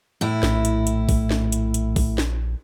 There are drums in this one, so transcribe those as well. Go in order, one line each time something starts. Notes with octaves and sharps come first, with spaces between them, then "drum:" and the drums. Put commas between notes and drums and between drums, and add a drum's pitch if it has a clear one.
A2 E4
A#1, drum: snare
drum: hi-hat
drum: hi-hat
drum: kick, open hi-hat
drum: snare
drum: hi-hat
drum: hi-hat
drum: kick, open hi-hat
drum: snare